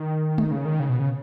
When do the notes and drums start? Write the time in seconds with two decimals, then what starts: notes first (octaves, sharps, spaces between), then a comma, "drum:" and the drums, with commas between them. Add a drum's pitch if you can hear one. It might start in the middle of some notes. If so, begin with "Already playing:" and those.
Already playing: D#3
0.38 drum: tom G#3
0.51 C#3
0.65 D#3
0.80 C#3
0.89 B2
0.99 C#3